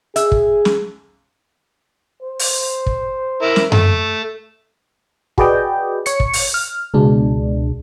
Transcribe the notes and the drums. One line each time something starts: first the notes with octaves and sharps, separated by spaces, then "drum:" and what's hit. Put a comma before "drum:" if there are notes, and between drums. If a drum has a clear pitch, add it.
G#4 E5, drum: hi-hat
drum: kick
drum: snare
C5
drum: open hi-hat
drum: kick
E4 A#4
drum: snare
A3, drum: tom F#2
F#4 G#4 B4 D5 D#5 G5, drum: kick
C#5 C#7, drum: hi-hat
drum: kick
drum: open hi-hat
F6
C#2 B2 G#3 D4